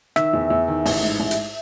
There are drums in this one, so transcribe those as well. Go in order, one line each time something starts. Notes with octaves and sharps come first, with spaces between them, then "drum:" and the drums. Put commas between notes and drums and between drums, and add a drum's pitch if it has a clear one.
D#3 E5, drum: rim click
E2
E2
D#3
A1, drum: open hi-hat
G#2
A1
drum: hi-hat